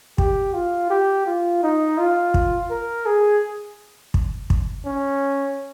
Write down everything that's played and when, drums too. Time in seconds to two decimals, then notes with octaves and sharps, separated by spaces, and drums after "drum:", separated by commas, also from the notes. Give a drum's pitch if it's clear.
0.18 G4, drum: kick
0.54 F4
0.90 G4
1.26 F4
1.63 D#4
1.98 F4
2.34 drum: kick
2.70 A#4
3.06 G#4
4.14 drum: kick
4.50 drum: kick
4.85 C#4